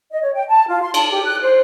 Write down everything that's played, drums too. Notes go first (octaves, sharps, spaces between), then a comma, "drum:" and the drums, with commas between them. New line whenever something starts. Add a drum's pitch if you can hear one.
D#5
C#5
G5
A5
F4
C6
A5, drum: cymbal
G4
F#6
C5